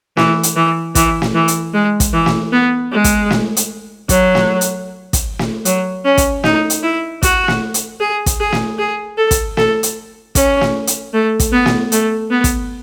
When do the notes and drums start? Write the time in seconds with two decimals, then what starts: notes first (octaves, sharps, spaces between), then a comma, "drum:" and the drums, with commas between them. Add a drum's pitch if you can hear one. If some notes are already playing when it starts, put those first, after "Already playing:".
0.17 E3, drum: snare
0.43 drum: hi-hat
0.56 E3
0.95 E3, drum: kick, hi-hat
1.22 drum: snare
1.35 E3
1.48 drum: hi-hat
1.74 G#3
2.00 drum: kick, hi-hat
2.13 E3
2.26 drum: snare
2.52 B3
2.91 G#3
3.04 drum: kick, hi-hat
3.30 drum: snare
3.57 drum: hi-hat
4.09 F#3, drum: kick, hi-hat
4.35 drum: snare
4.61 drum: hi-hat
5.13 drum: kick, hi-hat
5.39 drum: snare
5.65 F#3, drum: hi-hat
6.05 C#4
6.18 drum: kick, hi-hat
6.44 D#4, drum: snare
6.70 drum: hi-hat
6.83 E4
7.23 F#4, drum: kick, hi-hat
7.48 drum: snare
7.74 drum: hi-hat
8.00 G#4
8.26 drum: kick, hi-hat
8.40 G#4
8.52 drum: snare
8.79 G#4
9.17 A4
9.31 drum: kick, hi-hat
9.57 A4, drum: snare
9.83 drum: hi-hat
10.35 C#4, drum: kick, hi-hat
10.61 drum: snare
10.87 drum: hi-hat
11.13 A3
11.40 drum: kick, hi-hat
11.52 B3
11.66 drum: snare
11.92 A3, drum: hi-hat
12.31 B3
12.44 drum: kick, hi-hat